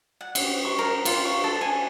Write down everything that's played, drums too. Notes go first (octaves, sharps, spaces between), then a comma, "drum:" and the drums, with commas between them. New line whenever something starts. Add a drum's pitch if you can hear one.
F#5
drum: cymbal
C#6
A#4
F4, drum: cymbal
C#6
A4
G#5